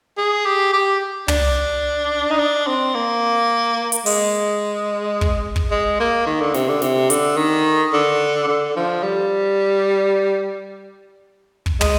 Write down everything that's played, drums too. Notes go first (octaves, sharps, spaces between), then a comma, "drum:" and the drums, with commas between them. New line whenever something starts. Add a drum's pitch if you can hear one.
G#4
G4
G4
D4, drum: tom
D#4
D4
C4
A#3
drum: hi-hat
G#3, drum: open hi-hat
drum: kick
drum: kick
G#3
A#3
D#3
D3
C3, drum: snare
D3
C3, drum: snare
D3, drum: hi-hat
D#3
D3
D3
F3
G3
drum: kick
G#3, drum: tom